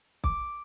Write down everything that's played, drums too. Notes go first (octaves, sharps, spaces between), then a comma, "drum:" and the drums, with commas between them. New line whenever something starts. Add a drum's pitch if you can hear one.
D6, drum: kick B1